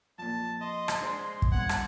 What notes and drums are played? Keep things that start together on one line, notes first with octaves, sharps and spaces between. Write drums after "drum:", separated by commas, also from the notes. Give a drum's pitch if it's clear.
F2 A#2 A5
D#5 C6
drum: rim click
G#3 D4 C5
drum: kick
C2 G2 B3 F#5 G#6
drum: rim click